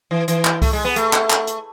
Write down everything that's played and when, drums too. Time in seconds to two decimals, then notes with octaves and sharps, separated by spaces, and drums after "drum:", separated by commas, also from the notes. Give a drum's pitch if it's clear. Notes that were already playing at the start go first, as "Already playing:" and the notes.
0.11 E3
0.28 E3, drum: hi-hat
0.45 drum: clap
0.62 A3, drum: kick C2, open hi-hat
0.73 G#3
0.85 B3
0.96 A3, drum: hi-hat
1.13 drum: clap
1.30 drum: clap
1.47 drum: hi-hat